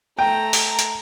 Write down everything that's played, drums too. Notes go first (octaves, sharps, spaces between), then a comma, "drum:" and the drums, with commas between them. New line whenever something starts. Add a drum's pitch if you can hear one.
A3 G5 A#5
drum: open hi-hat
drum: hi-hat